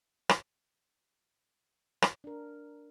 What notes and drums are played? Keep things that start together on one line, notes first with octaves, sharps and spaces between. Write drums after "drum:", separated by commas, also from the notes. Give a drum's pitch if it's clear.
drum: rim click
drum: rim click
D4 A#4